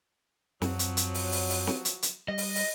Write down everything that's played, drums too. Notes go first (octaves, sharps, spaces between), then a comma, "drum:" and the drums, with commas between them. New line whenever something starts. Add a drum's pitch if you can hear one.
F#2 F3 F#3 C4, drum: snare
drum: hi-hat
drum: hi-hat
drum: open hi-hat
drum: open hi-hat
drum: open hi-hat
drum: snare
drum: hi-hat
drum: hi-hat
G3 D#5
drum: open hi-hat
drum: open hi-hat